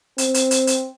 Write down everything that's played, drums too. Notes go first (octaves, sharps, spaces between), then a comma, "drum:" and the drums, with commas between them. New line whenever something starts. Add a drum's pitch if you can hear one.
C4, drum: hi-hat
drum: hi-hat
drum: hi-hat
drum: hi-hat